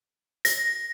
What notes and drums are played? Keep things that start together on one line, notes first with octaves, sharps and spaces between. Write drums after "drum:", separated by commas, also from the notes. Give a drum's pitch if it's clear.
A#6, drum: hi-hat